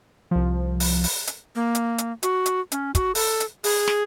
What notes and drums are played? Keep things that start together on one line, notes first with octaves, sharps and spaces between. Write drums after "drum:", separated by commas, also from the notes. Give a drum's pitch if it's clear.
C2 F3
drum: open hi-hat
drum: open hi-hat
drum: hi-hat
A#3
drum: hi-hat
drum: hi-hat
F#4, drum: hi-hat
drum: hi-hat
C#4, drum: hi-hat
F#4, drum: kick, hi-hat
A4, drum: open hi-hat
drum: hi-hat
G#4, drum: open hi-hat
drum: snare